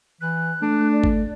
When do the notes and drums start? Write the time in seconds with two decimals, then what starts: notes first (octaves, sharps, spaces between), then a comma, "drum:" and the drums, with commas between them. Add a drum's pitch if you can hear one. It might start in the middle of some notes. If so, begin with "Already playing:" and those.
0.21 E3 F#6
0.62 A3 D4
0.93 D5
1.04 drum: kick